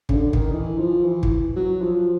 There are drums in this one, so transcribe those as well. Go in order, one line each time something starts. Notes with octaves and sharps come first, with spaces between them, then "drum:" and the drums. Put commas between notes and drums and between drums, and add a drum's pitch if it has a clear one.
C#3, drum: kick
D3
D#3, drum: kick
E3
F3
E3
drum: kick
F#3
F3